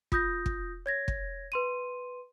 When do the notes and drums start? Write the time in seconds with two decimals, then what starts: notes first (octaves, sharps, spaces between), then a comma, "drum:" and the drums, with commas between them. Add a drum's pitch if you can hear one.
0.12 F4 D#6 G6 A#6, drum: kick
0.46 drum: kick
0.86 C#5 G#6 A#6
1.08 drum: kick
1.52 B4 C6 D#7